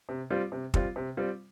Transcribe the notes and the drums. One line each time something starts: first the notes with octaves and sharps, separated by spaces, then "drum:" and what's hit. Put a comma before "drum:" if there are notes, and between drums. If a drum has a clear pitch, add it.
C3
G3 C4 F4
C3
G3 C4 F4, drum: kick
C3
G3 C4 F4